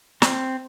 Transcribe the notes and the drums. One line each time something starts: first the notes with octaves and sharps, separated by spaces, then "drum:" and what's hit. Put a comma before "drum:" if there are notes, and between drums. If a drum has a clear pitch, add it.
C4, drum: snare